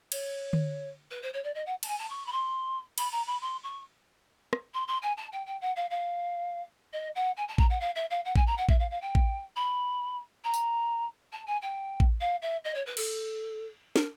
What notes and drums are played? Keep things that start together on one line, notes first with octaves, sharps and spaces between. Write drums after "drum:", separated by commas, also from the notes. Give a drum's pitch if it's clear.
C#5, drum: cymbal
drum: tom D3
B4
C5
C#5
D5
D#5
F#5
A5, drum: cymbal
G#5
A5
C#6
B5
C6
B5, drum: cymbal
A#5
B5
C6
C#6
drum: rim click
C6
C6
G#5
A5
G5
G5
F#5
F5
F5
D#5
F#5
G#5
A5
A#5, drum: kick A1
F#5
F5
E5
F5
F#5
G#5, drum: kick A1
A#5
F#5
E5, drum: kick A1
F5
F5
G5
drum: kick A1
B5
A#5
drum: tambourine
A5
G#5
G5
drum: kick A1
F5
E5
D#5
C#5
B4
A4, drum: cymbal
A#4, drum: snare